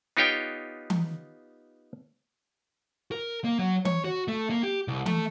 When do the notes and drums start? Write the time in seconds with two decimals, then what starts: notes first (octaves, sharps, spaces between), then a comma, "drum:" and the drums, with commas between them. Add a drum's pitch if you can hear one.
0.17 B3 D#4 F4 G4 C#5 G5
0.90 drum: tom E3
3.12 A#4
3.45 A#3
3.59 F#3
3.85 C#5, drum: tom E3
4.04 F#4
4.28 A3
4.50 A#3
4.63 G4
4.88 C2
5.06 A3, drum: tom E3